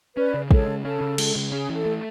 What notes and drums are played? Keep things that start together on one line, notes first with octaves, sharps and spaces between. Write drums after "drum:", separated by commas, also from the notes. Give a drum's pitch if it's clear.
C#4 B4 D5
C#3
G#3 A4 C#5, drum: kick
C#3
C#4 A4
C#3
G#3, drum: cymbal
C#3
C#4 G#4
E3
A4
A3